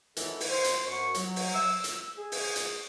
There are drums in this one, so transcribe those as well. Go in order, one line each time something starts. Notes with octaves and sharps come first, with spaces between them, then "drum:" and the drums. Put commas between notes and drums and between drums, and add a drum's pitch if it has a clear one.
D#3 E3 F#3 A4, drum: hi-hat
drum: open hi-hat
C5
drum: hi-hat
F#2 C#6
F#3, drum: hi-hat
drum: open hi-hat
E6
drum: hi-hat
G#4
drum: open hi-hat
drum: hi-hat